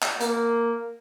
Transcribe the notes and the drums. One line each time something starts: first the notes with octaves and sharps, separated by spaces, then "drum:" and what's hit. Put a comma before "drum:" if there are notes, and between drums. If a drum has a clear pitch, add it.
drum: clap
A#3, drum: hi-hat